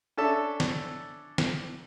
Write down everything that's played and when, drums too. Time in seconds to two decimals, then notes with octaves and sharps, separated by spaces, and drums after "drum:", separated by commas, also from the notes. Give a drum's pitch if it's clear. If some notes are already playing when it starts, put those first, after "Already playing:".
0.17 C#4 D4 A4 E5 A5
0.60 drum: snare
1.38 drum: snare